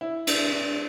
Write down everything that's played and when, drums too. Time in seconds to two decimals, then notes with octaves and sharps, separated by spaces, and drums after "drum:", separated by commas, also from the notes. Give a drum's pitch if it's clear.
0.01 E4
0.27 D4, drum: cymbal
0.53 D4